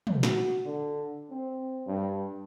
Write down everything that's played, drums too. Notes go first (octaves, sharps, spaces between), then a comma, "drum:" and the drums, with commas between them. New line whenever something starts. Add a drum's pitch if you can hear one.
drum: tom
F#4, drum: snare
D3
C4
G2